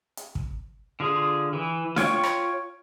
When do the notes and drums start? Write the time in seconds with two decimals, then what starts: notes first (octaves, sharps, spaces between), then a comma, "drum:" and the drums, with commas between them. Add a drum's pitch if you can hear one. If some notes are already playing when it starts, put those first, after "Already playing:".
0.17 drum: hi-hat
0.35 drum: kick
1.00 D3 F4 G#4
1.53 E3
1.96 F4 C#5 G5 C#6, drum: snare D4
2.23 drum: rim click